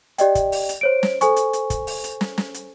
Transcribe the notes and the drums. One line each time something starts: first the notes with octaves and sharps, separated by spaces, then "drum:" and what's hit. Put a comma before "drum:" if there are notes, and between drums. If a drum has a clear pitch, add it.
G4 D5 D#5 G5, drum: hi-hat
drum: kick, hi-hat
drum: open hi-hat
drum: hi-hat
C5 C#5 D7
drum: snare
A4 C5 G#5 C#6, drum: hi-hat
drum: hi-hat
drum: hi-hat
drum: kick, hi-hat
drum: open hi-hat
drum: hi-hat
drum: snare
drum: snare
drum: hi-hat